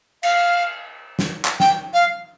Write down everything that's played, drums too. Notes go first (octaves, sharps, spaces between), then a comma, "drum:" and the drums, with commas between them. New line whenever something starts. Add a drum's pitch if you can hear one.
F5, drum: cymbal
drum: snare
drum: clap
G5, drum: snare
F5